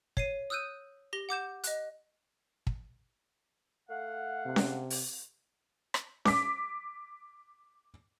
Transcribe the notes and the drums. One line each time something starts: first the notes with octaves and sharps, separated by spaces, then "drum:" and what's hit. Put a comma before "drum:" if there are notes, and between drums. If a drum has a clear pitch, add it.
C#5 C7 D#7, drum: kick
D#6 E6 F#6 G6 D#7
G4 A#6 G7
F#5 D6 G6 E7
D#5 F#6, drum: hi-hat
drum: kick
A3 F5 F#5
C3
drum: snare C#4
drum: open hi-hat
drum: rim click
D6 B6, drum: snare C#4